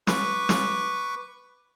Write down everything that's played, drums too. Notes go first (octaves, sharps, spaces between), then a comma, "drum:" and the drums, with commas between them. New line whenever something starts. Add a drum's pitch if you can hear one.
B4 C#6 D6, drum: snare
drum: snare